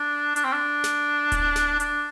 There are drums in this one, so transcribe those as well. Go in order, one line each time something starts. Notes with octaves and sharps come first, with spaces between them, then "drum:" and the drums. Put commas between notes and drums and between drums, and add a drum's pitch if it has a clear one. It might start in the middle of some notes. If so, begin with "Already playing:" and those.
Already playing: D4
D4, drum: hi-hat
C4
D4
drum: snare
drum: kick D1, hi-hat
drum: snare
D4, drum: hi-hat